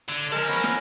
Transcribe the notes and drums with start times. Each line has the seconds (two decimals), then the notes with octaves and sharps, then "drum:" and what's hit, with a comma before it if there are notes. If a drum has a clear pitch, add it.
0.09 D3 E6 G#6 D7, drum: hi-hat
0.32 G#3 A#4 C5 A5
0.48 B3 C#4 A#6
0.63 drum: snare